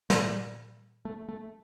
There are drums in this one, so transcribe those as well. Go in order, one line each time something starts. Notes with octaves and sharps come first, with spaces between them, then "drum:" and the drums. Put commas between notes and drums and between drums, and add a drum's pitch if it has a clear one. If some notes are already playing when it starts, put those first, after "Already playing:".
G3, drum: snare
A3
A3